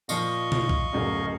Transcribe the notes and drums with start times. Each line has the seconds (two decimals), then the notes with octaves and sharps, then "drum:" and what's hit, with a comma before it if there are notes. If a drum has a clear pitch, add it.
0.09 A#2 F3 D#5 F5 C#6, drum: tambourine
0.52 drum: tom B2
0.69 drum: kick
0.93 D1 F#2 C#3